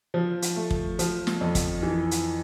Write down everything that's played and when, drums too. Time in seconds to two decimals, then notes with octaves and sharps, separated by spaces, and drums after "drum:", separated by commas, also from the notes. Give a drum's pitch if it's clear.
0.14 F3
0.42 drum: hi-hat
0.56 A3
0.70 drum: kick
0.99 F3, drum: hi-hat
1.27 drum: snare
1.41 F2
1.55 drum: kick, hi-hat
1.83 E3
2.11 drum: hi-hat